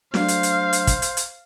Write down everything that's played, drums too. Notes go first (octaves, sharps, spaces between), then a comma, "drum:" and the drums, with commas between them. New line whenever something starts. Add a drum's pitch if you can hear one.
F#3 A3 D4 C5 F5, drum: snare
drum: hi-hat
drum: hi-hat
drum: hi-hat
drum: kick, hi-hat
drum: hi-hat
drum: hi-hat